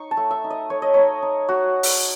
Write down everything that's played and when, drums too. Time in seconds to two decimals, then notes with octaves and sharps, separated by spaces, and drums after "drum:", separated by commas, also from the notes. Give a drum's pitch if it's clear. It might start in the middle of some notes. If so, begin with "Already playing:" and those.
Already playing: D#4 C#6
0.11 A5
0.17 A3
0.31 E5
0.44 D#4
0.50 D#5
0.70 A3 C#5
0.82 D#5
0.94 D#4 C#5
1.22 D#4
1.49 D#4 F#4
1.83 drum: open hi-hat